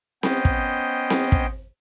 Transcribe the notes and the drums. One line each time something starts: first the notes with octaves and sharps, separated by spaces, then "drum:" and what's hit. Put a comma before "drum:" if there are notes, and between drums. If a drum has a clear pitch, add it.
B3 C#4 C5 D#5 G5, drum: snare C4
drum: kick
drum: snare C4
drum: kick